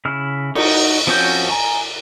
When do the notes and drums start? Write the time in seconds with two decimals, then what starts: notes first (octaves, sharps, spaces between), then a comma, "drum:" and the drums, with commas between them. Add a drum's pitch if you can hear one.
0.05 C#3 E4 F6
0.55 D#4 F#4, drum: cymbal
1.07 F3 C4 C#4 F#4 G6
1.50 G#5 A#5